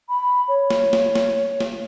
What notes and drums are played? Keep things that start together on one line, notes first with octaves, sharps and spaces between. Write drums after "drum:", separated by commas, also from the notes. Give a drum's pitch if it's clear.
B5
C#5
drum: snare
drum: snare
drum: snare
drum: snare